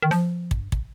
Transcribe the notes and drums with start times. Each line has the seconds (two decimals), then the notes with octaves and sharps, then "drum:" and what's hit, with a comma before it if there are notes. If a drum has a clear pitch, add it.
0.02 D#3
0.11 F3, drum: snare
0.51 G2, drum: kick
0.72 drum: kick